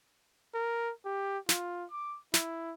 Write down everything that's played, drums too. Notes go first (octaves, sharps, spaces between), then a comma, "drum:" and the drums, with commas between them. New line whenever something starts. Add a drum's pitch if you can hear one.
A#4
G4
F4, drum: snare
D6
E4, drum: snare